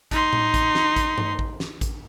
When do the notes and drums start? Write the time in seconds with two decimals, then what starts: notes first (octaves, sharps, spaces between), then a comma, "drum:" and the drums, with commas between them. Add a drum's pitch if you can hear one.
0.11 D#4 C6, drum: kick A1, hi-hat
0.33 drum: tom A2
0.54 drum: kick A1, hi-hat
0.75 drum: snare
0.96 drum: kick A1, hi-hat
1.18 drum: tom G2
1.39 drum: kick A1
1.60 drum: snare
1.81 drum: kick A1, hi-hat